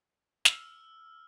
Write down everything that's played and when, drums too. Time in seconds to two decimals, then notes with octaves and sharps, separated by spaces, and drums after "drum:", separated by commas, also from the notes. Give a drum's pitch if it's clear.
0.45 E6 F6, drum: snare